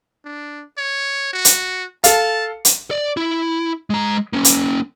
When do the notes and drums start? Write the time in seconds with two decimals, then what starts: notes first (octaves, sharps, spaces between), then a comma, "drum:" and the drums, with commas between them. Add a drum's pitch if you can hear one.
0.25 D4
0.78 C#5
1.33 F#4
1.45 drum: hi-hat
2.04 A4 F5 A5, drum: hi-hat
2.65 drum: hi-hat
2.91 D5
3.17 E4
3.90 G#3 A#5
4.33 A#3 C#4
4.45 drum: hi-hat